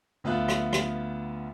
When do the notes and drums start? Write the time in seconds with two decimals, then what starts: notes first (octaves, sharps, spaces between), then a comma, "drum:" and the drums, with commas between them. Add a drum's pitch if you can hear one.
0.24 D2 B3 F4 E5 F#6
0.48 drum: rim click
0.73 drum: rim click